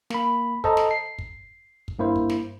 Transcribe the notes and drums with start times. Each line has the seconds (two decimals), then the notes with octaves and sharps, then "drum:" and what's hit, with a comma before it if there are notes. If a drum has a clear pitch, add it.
0.10 A#3 B5, drum: snare
0.64 A4 C5 D#5 A5 A#5, drum: kick
0.77 drum: snare
0.91 C7
1.19 drum: kick
1.88 drum: kick
1.99 G2 A#3 E4 C5
2.16 drum: kick
2.30 drum: snare